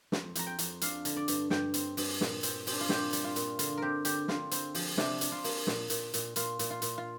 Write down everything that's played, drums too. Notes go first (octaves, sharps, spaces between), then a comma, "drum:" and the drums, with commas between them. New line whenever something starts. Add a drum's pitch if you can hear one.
F2, drum: snare
F2 A#5, drum: hi-hat
G5
F2, drum: hi-hat
D4 F5, drum: hi-hat
D3, drum: hi-hat
D5
G2, drum: hi-hat
G2 G5, drum: snare
C4, drum: hi-hat
G2, drum: open hi-hat
A#2, drum: snare
C4, drum: hi-hat
C4, drum: open hi-hat
D4
F4
A#2 G4, drum: snare
G3, drum: hi-hat
F4
A#2, drum: hi-hat
D3 F4, drum: hi-hat
C4 G4 A#4
D3 G4, drum: hi-hat
D3 F4, drum: snare
C4, drum: hi-hat
F3, drum: open hi-hat
C3 D4, drum: snare
D4, drum: hi-hat
F4
A#3, drum: open hi-hat
A#2, drum: snare
A#2, drum: hi-hat
A#2, drum: hi-hat
A#2 F4, drum: hi-hat
A#2, drum: hi-hat
F4
A#2, drum: hi-hat
F4